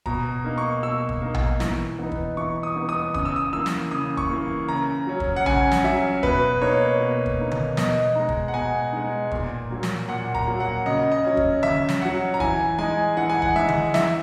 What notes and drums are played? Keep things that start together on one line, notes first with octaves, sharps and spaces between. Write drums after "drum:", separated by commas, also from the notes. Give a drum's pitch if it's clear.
B2 A#5, drum: kick
A#3 D#4
C#6
B2 E6
drum: kick
A#3 D#4
drum: tom A#1
E3, drum: snare
B3 D#4
drum: kick
E3 C#6
D#6
B3 D#4
D#6
C#3 D#6, drum: kick
E6
D#6
E3 A#3 E6
drum: snare
C#3 D#6
C#6, drum: kick
E3 A#3
C#3 A#5
F#3 C#4
drum: kick
F#5
C#3 G#5, drum: tom A#1
drum: snare
F#3 C#4 E5
B2 B4, drum: kick
A#3 D#4 C#5
B2
drum: kick
A#3 D#4
drum: tom D3
B2 D#5, drum: snare
G#3 D#4 A#5
drum: kick
F#5
B2 G#5
G#3 D#4
A#2, drum: kick
F#3 A#3
drum: snare
A#2 F#5
A#5, drum: kick
F#3 A#3
F#5
C#3 D#5
D#5
F#3 C#4
drum: kick
C#3 E5, drum: tom D3
drum: snare
F#3 C#4 F#5
A#5
E3 G#5, drum: kick
G#3 D#4 G#5
E3 F#5
G#5
F#5, drum: kick
G#3 D#4 E5
drum: tom D3
E3 E5, drum: snare